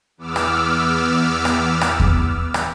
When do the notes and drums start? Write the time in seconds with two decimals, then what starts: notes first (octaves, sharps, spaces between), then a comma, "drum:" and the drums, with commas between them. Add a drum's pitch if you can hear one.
0.18 E2 B3 D6 E6 F6
0.36 drum: rim click
1.45 drum: rim click
1.81 drum: rim click
2.00 drum: kick E2
2.54 drum: rim click